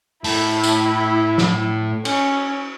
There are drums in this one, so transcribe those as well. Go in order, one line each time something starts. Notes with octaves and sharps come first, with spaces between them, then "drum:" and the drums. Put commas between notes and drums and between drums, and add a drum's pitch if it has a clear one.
A2 E4 A5, drum: open hi-hat
drum: tambourine
drum: snare
C#4, drum: cymbal